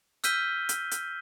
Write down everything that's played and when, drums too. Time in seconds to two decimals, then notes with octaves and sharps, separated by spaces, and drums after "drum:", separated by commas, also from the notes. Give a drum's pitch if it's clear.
0.24 E6 F6 G6 B6 D#7 G7, drum: hi-hat
0.69 drum: hi-hat
0.91 drum: hi-hat